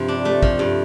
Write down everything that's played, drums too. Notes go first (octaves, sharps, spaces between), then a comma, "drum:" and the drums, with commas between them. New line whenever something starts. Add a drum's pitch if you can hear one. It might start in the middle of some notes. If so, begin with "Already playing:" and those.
Already playing: G2 C3 F3
D4
A3
F3, drum: kick
G2